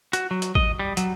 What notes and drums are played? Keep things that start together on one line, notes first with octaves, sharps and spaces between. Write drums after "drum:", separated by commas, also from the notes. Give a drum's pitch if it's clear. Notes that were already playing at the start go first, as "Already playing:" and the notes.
F#4, drum: hi-hat
F#3
drum: hi-hat
D#5, drum: kick A1
G3
F#3, drum: hi-hat